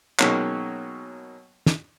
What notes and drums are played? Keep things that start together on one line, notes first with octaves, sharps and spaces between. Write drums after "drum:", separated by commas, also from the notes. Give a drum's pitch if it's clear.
B2 D#3 F#3 G#3 A#3 C#4, drum: clap
drum: snare